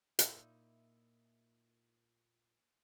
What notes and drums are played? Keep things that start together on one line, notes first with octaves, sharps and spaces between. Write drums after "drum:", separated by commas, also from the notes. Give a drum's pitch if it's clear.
A#2 D#4 E4 E5, drum: hi-hat